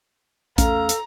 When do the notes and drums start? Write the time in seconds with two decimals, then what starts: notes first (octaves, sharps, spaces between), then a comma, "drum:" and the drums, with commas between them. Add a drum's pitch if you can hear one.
0.58 E2 A3 C#4 A4 F5 A#5, drum: kick A#1, hi-hat
0.89 drum: hi-hat